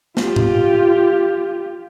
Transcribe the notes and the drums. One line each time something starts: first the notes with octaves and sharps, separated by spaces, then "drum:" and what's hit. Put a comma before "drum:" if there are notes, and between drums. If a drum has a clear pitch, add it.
F4 G4, drum: snare
drum: tom A2